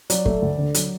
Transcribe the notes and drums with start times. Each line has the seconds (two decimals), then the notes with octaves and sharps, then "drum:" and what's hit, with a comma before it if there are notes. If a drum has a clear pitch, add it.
0.10 F#3 D5, drum: hi-hat
0.25 A3, drum: kick G1
0.42 D2
0.58 D3
0.74 F#3, drum: hi-hat